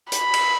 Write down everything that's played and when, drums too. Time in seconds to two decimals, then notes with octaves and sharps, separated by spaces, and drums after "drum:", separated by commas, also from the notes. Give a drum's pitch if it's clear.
0.12 B5, drum: hi-hat
0.34 drum: cymbal